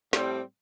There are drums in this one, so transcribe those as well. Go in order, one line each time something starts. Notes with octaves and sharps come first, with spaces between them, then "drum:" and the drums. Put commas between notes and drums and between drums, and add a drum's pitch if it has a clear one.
A2 G3 C4, drum: snare